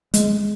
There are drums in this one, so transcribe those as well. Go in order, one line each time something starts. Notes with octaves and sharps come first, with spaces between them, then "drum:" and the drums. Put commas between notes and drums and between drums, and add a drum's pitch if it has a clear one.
G#3, drum: hi-hat